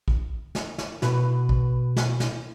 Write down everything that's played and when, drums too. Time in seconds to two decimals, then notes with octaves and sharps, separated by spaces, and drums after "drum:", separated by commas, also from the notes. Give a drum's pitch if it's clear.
0.08 drum: kick A#1
0.55 drum: snare
0.78 drum: snare
1.02 B2 B4, drum: snare
1.49 drum: kick A#1
1.96 drum: snare
2.20 drum: snare